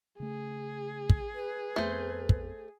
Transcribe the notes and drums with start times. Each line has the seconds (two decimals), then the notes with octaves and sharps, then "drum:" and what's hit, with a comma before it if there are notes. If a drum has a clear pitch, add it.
0.20 C#3 A3 G#4
1.10 drum: kick
1.34 B4
1.76 F2 A3 B3 C4 C5
2.29 drum: kick